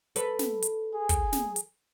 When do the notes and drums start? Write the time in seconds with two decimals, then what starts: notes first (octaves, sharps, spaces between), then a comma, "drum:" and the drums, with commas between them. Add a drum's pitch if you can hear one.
0.16 A4 B4, drum: hi-hat
0.39 drum: snare
0.62 drum: hi-hat
0.94 G#4
1.09 drum: kick, hi-hat
1.33 drum: snare
1.56 drum: hi-hat